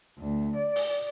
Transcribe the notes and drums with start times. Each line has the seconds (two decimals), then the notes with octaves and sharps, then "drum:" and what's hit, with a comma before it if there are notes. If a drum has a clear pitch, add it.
0.19 D2
0.57 D5
0.76 drum: open hi-hat